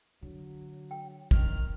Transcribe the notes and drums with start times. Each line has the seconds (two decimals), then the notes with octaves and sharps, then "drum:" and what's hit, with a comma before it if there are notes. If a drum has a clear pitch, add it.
0.22 D3 F#3
0.91 G5
1.31 D#3 F6, drum: kick